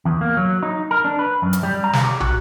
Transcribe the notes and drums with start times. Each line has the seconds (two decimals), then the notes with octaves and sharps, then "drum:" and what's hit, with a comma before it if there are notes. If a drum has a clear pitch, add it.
0.05 E2
0.21 A#3
0.37 F#3
0.63 D#4
0.91 A#4
1.05 D4
1.19 B4
1.42 F#2
1.53 drum: hi-hat
1.63 G3
1.84 A#5
1.93 drum: snare
2.03 G4
2.20 F#4, drum: tom